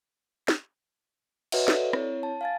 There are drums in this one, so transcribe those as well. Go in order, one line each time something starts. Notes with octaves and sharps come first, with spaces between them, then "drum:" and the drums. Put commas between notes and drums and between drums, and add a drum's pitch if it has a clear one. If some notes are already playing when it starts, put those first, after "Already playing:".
drum: snare
F#4 B4 C#5 D#5 E5 F#5, drum: cymbal
A4 C#5 D5, drum: snare
C4 E4 C#5, drum: rim click
A5
F5 G#5 A6